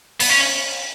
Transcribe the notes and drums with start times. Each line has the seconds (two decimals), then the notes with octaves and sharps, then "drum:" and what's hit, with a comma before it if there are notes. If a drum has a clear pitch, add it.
0.20 B3, drum: open hi-hat
0.29 C#4